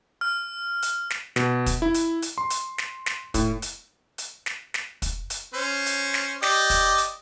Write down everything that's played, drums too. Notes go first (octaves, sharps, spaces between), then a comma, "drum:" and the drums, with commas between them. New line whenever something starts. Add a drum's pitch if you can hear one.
F6
drum: hi-hat
drum: snare
B2, drum: snare
drum: kick, hi-hat
E4
drum: hi-hat
drum: hi-hat
C6
drum: hi-hat
drum: snare
drum: snare
A2, drum: kick, hi-hat
drum: hi-hat
drum: hi-hat
drum: snare
drum: snare
drum: kick, hi-hat
drum: hi-hat
C#4 C5
drum: hi-hat
drum: snare
G4 D5 D#5, drum: snare
drum: kick, hi-hat
drum: hi-hat